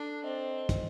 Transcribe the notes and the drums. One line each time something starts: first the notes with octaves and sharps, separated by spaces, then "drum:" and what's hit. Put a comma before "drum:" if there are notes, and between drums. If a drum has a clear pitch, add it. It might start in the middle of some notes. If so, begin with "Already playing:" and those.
Already playing: D4 A4
C4 D#5
D#4, drum: kick, hi-hat